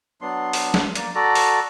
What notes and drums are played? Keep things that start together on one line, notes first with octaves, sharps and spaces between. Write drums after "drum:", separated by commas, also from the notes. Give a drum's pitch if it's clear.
F#3 B3 D4 C6
drum: open hi-hat
drum: snare
A#3 D5, drum: hi-hat
F#4 A4 D5 A#5
drum: open hi-hat